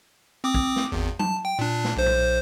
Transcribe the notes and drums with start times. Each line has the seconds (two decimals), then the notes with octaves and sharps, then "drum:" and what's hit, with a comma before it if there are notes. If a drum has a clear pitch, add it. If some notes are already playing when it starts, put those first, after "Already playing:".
0.44 C4 D6 D#6
0.54 drum: kick
0.76 drum: snare
0.92 G#1 E2
1.19 A5, drum: tom F#3
1.45 G5
1.59 A#2 D4
1.84 drum: snare
1.96 B1 C5
2.06 drum: tom A#2